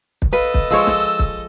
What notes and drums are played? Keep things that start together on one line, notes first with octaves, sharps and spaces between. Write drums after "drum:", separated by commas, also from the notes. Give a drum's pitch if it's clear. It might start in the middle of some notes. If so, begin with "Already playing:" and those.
drum: kick
A4 B4 D#5 F5
drum: kick
F3 G#3 C#5 E6
drum: snare
drum: kick